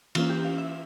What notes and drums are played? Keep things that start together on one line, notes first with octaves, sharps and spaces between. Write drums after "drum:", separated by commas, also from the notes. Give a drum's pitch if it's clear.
E3 A#3 C#4 F4, drum: cymbal
G4
F5
E5